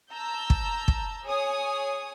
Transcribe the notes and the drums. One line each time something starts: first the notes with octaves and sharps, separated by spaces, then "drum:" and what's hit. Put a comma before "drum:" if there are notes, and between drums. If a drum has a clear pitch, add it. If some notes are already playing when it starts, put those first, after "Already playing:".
A5 A#5 E6 G6
drum: kick
drum: kick
G#4 C#5 G#5 D#6